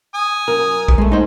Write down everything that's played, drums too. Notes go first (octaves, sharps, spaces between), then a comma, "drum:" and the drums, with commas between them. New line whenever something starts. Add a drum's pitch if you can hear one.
G#5 D#6
F#2 A#4
drum: kick
G#3 A3
D#4 C5